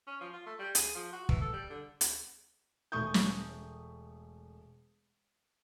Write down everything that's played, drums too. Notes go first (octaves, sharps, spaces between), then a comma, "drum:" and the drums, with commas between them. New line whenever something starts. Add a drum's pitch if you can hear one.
C#4
F3
F4
A3
G3
G#4, drum: hi-hat
F3
F#4
E3, drum: kick
A4
G3
D3
drum: hi-hat
E1 A3 C#6 D#6 G6
drum: snare